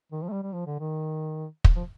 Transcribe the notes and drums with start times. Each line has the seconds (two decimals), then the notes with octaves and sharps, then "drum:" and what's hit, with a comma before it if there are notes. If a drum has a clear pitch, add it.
0.12 D#3
0.22 F3
0.29 A3
0.32 G3
0.43 G3
0.53 F3
0.66 D3
0.80 D#3
1.64 drum: kick
1.76 F3